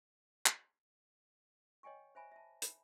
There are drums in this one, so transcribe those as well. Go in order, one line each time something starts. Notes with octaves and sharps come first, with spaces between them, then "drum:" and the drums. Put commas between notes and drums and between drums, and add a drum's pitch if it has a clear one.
drum: clap
C#5 D#5 G5 G#5 C#6
C5 E5 G#5 B5
E5 A5
B5, drum: hi-hat